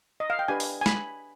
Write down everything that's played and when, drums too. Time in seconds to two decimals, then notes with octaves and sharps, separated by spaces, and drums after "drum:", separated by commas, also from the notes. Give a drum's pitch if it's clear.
0.20 D#5
0.30 F5
0.39 G5
0.48 D4 G4 B4 G#5
0.60 drum: open hi-hat
0.81 G#5
0.86 B5, drum: snare